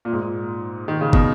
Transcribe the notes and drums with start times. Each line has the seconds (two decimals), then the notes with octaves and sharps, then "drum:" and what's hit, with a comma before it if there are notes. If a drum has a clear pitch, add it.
0.05 A#2
0.13 G#2
0.21 A#2
0.88 D#3
1.01 C#3
1.13 B2, drum: kick